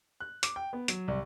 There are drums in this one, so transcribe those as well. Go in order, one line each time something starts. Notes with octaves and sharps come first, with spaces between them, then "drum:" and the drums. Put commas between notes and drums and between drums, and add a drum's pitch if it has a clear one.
F#6
D6, drum: hi-hat
G5
B3
F#3, drum: hi-hat
C2